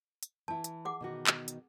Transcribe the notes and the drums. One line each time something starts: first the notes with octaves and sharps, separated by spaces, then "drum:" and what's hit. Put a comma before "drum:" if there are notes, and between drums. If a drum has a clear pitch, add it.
drum: hi-hat
E3 E4 A5
drum: hi-hat
G#4 F#5 D6
B2 D#3 F#4
drum: clap
drum: hi-hat